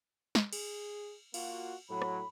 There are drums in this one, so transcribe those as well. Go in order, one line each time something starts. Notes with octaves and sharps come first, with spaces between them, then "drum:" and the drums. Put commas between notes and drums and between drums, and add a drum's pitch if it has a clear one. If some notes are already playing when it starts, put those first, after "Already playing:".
drum: snare
G#4, drum: cymbal
A#3 F4 F#4, drum: cymbal
A2 F#3 B5
drum: rim click